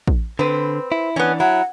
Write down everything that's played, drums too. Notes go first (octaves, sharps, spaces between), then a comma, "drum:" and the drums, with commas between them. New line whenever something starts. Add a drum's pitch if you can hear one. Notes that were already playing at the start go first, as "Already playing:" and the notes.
drum: kick
D3 C4 B4
E4
E3 B3 C#4 D4
F#3 E4 F#5